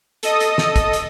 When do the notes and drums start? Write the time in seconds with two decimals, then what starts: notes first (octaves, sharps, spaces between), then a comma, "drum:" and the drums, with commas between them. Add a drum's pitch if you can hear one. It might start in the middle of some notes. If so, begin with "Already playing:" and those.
0.23 A4 D#5 D#6, drum: hi-hat
0.40 drum: hi-hat
0.58 drum: snare
0.76 drum: kick, hi-hat
0.93 drum: hi-hat